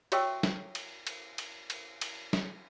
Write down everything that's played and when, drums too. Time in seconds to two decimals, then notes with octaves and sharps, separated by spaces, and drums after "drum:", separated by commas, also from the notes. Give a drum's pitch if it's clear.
0.12 F#4 C#5 E5 G5 C#6 E6, drum: cymbal
0.43 drum: snare
0.75 drum: cymbal
1.07 drum: cymbal
1.38 drum: cymbal
1.70 drum: cymbal
2.01 drum: cymbal
2.33 drum: snare